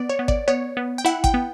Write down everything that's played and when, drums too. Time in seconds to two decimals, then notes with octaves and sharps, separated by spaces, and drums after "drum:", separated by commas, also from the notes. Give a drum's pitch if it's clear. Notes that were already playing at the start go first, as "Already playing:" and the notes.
Already playing: B3 D5
0.09 C#5
0.19 B3
0.28 D5, drum: kick G#1
0.48 B3 C#5
0.77 B3
0.98 G5
1.05 E4 F#5
1.24 G5, drum: kick G#1
1.34 B3